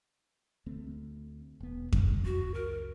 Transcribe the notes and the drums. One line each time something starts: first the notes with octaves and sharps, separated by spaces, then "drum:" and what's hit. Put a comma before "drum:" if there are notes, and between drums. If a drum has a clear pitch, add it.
D2 A3 C4
E1 B3
C#2 F#2 C#3, drum: kick F2
F#4
A#4